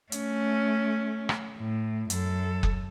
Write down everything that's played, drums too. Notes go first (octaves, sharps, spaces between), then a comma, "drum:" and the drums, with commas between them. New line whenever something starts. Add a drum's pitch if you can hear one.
A3 C#4, drum: hi-hat
drum: rim click
A2
F#2 A4, drum: hi-hat
drum: kick F#1